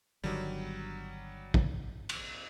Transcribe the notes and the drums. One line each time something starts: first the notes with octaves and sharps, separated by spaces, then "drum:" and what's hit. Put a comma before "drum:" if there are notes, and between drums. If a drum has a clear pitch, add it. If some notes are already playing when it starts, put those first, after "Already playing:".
G1 D3 D#3 F#3 G3
drum: kick
drum: cymbal